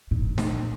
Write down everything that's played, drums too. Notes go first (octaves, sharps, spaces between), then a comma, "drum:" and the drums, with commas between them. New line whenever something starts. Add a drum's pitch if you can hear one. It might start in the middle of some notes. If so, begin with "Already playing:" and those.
A#2
drum: snare